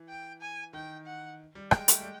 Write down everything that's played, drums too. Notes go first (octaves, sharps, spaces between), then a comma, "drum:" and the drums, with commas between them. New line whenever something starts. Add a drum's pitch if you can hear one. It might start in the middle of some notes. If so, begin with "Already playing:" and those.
Already playing: E3
G5
G#5
D#3 G5
F#5
G3
G#3 G5, drum: rim click
A3, drum: hi-hat
G3
G#3